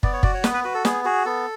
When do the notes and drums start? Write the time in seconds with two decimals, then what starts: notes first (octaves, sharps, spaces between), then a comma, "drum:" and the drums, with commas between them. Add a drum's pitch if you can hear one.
0.03 B3 D5, drum: kick
0.13 C#5
0.23 F#4 D5, drum: kick
0.34 C#5
0.44 B3 B4, drum: snare
0.54 B4
0.64 F#4 B4
0.74 A4
0.85 B3 G#4, drum: snare
1.05 F#4 G#4
1.25 B3 A4